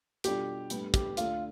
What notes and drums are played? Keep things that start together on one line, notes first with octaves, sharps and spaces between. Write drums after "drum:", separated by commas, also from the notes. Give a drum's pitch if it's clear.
B2 G3 D4 F4 G4 A4, drum: hi-hat
A2 G3 B3 D4, drum: hi-hat
G4, drum: kick, hi-hat
D3 A3 D4 F4, drum: hi-hat